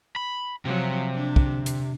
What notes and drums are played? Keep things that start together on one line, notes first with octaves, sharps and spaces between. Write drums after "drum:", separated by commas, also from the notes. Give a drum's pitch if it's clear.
B5
C3 F3 F#3
D4
drum: kick
drum: hi-hat